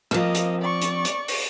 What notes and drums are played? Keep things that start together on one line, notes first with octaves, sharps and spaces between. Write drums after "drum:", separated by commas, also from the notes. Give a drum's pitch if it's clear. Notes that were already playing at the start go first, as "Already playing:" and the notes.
F3 A#3 C4 D#5, drum: rim click
drum: hi-hat
D5 C#6
drum: hi-hat
drum: hi-hat
drum: open hi-hat